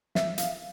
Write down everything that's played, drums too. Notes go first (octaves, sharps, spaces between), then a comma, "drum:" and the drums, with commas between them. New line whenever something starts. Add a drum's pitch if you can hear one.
E5, drum: snare
F5, drum: hi-hat